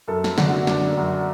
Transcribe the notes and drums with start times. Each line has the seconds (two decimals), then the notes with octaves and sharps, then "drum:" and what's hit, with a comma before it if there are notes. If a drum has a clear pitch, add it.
0.08 F#2 A4
0.24 drum: snare
0.38 D3 F#4, drum: snare
0.67 F#2 D4, drum: snare
0.97 F#2 F#4